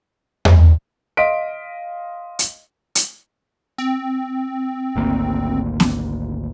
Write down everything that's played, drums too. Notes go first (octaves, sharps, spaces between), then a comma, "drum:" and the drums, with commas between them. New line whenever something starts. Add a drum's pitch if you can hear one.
drum: tom E2
D#5 F5 C6 B6 D7
drum: hi-hat
drum: hi-hat
C4
G#1 D2 A#3
drum: snare B3